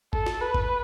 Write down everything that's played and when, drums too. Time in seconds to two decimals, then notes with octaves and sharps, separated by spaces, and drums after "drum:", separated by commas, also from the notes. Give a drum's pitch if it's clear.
0.13 A4, drum: kick G1
0.26 drum: snare
0.41 B4
0.55 drum: kick G1